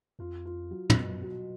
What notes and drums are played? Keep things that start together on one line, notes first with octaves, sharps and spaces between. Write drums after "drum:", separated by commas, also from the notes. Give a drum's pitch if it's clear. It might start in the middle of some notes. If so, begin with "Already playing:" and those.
F2 F4
F4
F#3
F2, drum: tom
F#2 B2
F#3